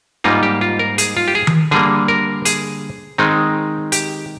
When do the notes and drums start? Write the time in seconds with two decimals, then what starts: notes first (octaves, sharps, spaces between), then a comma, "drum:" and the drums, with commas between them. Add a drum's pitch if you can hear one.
0.24 G#2 G3 A#3 D#4 F4
0.43 G4
0.61 F4
0.79 A#4
0.98 G#4, drum: hi-hat
1.17 F4
1.28 G4
1.35 G#4
1.47 drum: tom D#3
1.71 D3 G3 A#3 G#4
2.08 A#4
2.45 G#4, drum: hi-hat
3.18 D#3 G#3 C4 D#4
3.92 G4, drum: hi-hat